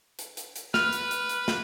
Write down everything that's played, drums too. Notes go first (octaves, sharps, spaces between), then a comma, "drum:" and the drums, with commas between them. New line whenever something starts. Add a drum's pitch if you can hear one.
drum: hi-hat
drum: hi-hat
drum: hi-hat
B4 F6, drum: snare
drum: hi-hat
drum: hi-hat
drum: hi-hat
drum: snare